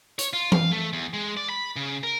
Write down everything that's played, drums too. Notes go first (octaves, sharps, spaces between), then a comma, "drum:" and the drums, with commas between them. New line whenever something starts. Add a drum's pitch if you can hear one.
C#5, drum: hi-hat
F4
F5, drum: tom E3
A3
E2
G#3
D5
B5
C#3
A#4